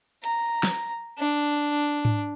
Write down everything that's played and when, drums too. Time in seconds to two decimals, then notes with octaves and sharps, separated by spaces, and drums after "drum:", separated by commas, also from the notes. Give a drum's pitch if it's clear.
0.24 A#5, drum: hi-hat
0.63 drum: snare
1.19 D4
2.05 drum: tom G#2